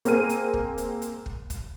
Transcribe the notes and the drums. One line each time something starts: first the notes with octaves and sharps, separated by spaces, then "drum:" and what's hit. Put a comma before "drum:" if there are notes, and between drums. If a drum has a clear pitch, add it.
A#3 C4 G#4 F6 D#7, drum: hi-hat
drum: hi-hat
drum: kick
drum: hi-hat
drum: hi-hat
drum: kick
drum: kick, hi-hat